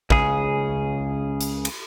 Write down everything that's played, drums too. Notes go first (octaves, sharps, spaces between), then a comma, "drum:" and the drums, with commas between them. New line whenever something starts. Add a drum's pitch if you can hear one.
C#2 C#3 G#4, drum: kick
drum: hi-hat
drum: cymbal